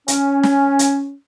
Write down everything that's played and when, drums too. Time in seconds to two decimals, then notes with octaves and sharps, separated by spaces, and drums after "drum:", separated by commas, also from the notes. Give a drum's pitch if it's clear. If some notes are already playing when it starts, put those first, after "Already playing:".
0.08 C#4, drum: hi-hat
0.43 drum: snare
0.79 drum: hi-hat